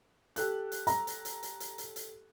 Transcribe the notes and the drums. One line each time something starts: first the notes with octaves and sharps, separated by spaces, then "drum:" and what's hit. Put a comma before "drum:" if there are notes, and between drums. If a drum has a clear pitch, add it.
G4 A4 F#6, drum: hi-hat
drum: hi-hat
A#5, drum: hi-hat
drum: hi-hat
drum: hi-hat
drum: hi-hat
drum: hi-hat
drum: hi-hat
drum: hi-hat